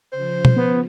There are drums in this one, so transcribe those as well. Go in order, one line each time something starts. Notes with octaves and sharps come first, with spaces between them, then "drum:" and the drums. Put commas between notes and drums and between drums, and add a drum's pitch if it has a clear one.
C#3 F3 C5
drum: tom B2
B3